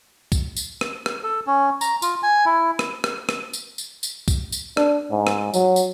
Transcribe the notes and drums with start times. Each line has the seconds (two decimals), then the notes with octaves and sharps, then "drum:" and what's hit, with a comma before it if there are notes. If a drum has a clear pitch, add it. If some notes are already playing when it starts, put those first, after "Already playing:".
0.32 drum: kick, tambourine
0.57 drum: tambourine
0.81 drum: rim click
1.06 drum: rim click
1.23 A4
1.47 C#4
1.81 A#5, drum: tambourine
2.02 F4, drum: tambourine
2.23 G#5
2.46 E4
2.79 drum: rim click
3.04 drum: rim click
3.29 drum: rim click
3.53 drum: tambourine
3.78 drum: tambourine
4.03 drum: tambourine
4.28 drum: kick, tambourine
4.52 drum: tambourine
4.77 D4, drum: rim click
5.11 G#2
5.27 drum: rim click
5.54 F#3, drum: tambourine
5.76 drum: tambourine